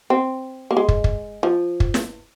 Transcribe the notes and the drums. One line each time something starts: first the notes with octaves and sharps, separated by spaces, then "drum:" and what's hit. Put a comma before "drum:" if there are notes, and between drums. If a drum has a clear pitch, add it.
C4
A#3
G#3
drum: kick
drum: kick
F3
drum: kick
drum: snare